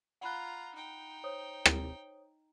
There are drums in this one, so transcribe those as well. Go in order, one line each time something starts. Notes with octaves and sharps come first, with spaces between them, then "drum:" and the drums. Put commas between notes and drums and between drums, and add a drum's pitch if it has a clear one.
F4 F#5 A#5 B5 F#6
D#4 G5
C5 C#5 D#6
drum: rim click